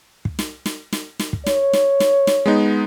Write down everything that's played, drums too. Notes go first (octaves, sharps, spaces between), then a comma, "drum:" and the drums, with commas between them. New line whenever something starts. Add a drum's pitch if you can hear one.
drum: kick
drum: snare
drum: snare
drum: snare
drum: snare
drum: kick
C#5, drum: snare
drum: snare
drum: snare
drum: snare
G#3 B3 D#4